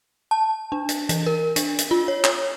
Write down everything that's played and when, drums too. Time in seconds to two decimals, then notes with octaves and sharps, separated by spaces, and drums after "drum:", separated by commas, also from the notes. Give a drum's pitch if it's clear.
0.31 A5
0.72 D4
0.89 drum: hi-hat
1.09 E3, drum: hi-hat
1.26 A#4
1.56 D4, drum: hi-hat
1.79 drum: hi-hat
1.91 F4
2.08 C#5
2.24 C#5, drum: clap